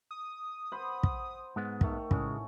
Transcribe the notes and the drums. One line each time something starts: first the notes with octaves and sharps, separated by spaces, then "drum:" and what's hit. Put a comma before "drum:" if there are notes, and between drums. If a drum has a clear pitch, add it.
D#6
C5 F#5 B5
drum: kick
G#2 G#3 B3
D#3 A3, drum: kick
A2 C#3 G#3 C#4, drum: kick